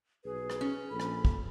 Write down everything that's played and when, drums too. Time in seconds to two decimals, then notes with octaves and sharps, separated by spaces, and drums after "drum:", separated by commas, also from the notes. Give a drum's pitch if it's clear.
0.25 B1 G#4 B4
0.50 drum: rim click
0.61 C#4
0.90 A#1 A4 B5
1.00 drum: rim click
1.25 drum: kick